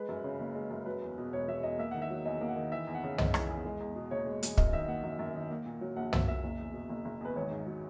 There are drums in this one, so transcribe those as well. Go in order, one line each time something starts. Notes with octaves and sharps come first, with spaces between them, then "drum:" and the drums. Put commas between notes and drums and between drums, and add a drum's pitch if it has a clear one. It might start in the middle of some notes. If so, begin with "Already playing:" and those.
Already playing: G#3 B4
F#2
C#3
F#1
G#3
F#2
F#3 B4
E2
B2
E1 C#5
F#3 E5
E2 D#5
A#3 E5
D#3 F#5
E5
F#3
E2 D#5
A#3
F#5
D#3
E3 E5
E2
F#5
C#3
E1 D#5, drum: tom
E3, drum: rim click
E2
G#3
E2
B2
F#1 C#5
G#3
E2, drum: hi-hat
F#2 D#5, drum: kick
D#3 E5
A#3 F#5
F#2
F#2
D#3
A#3
A#2
F#3
A#1 F#5
A#3 E5, drum: tom
A#2 E5
F#1
E2
B2
F#1
F#1
E2 B4
G#1 C#5
G#2
F#3